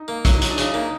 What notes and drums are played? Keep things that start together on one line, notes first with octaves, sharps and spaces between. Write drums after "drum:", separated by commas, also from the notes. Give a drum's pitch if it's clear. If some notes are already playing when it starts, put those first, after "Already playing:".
Already playing: D#4
A#3
F#3 E4, drum: kick, hi-hat
D#4
F#3, drum: hi-hat
D4
C#3 D#4, drum: hi-hat
A#3 D#4